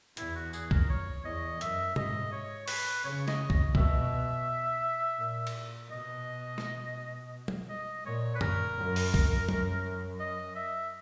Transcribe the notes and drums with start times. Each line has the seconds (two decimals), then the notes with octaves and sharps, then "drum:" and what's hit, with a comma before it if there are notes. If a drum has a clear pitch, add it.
0.17 E2 E4, drum: hi-hat
0.35 F#4
0.53 G#4, drum: tambourine
0.71 A#4, drum: kick B1
0.90 C#5
1.24 E2 D#5
1.61 F#2 E5, drum: hi-hat
1.96 G#2 D#5, drum: tom B2
2.32 C#5
2.68 B4, drum: open hi-hat
3.04 C#3 C#5
3.28 D#5, drum: snare
3.50 drum: kick B1
3.75 B2 E5, drum: kick B1
5.18 A#2
5.47 drum: cymbal
5.90 B2 D#5
6.58 drum: snare
7.48 drum: tom F#3
7.69 D#5
8.05 A#2 C#5
8.35 B4
8.41 A#4, drum: tom F#2
8.77 F#2
8.96 drum: open hi-hat
9.14 drum: kick B1
9.49 F#2, drum: tom F#3
10.20 D#5
10.55 E5